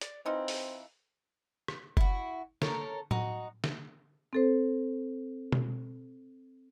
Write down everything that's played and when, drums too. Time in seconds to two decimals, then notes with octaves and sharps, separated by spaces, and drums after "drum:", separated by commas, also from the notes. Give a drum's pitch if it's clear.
0.01 D5, drum: hi-hat
0.26 E3 C4 D#4 F4
0.48 drum: open hi-hat
1.68 drum: rim click
1.97 E4 F#4, drum: kick F#1
2.62 A4 A#4 C#5, drum: snare
3.11 D#4 F#4, drum: tom A2
3.64 drum: snare
4.33 C4 A4 C5
5.52 drum: tom B2